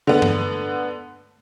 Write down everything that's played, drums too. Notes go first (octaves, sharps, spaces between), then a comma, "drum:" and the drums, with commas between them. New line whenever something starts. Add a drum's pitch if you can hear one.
D3 B3
drum: tom